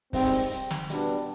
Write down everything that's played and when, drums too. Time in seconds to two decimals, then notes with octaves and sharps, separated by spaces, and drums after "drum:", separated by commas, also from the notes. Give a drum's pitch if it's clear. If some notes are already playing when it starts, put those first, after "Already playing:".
0.13 G#2 G3 C4, drum: kick, open hi-hat
0.51 drum: hi-hat
0.71 drum: snare
0.90 B2 G3 B3 D4, drum: hi-hat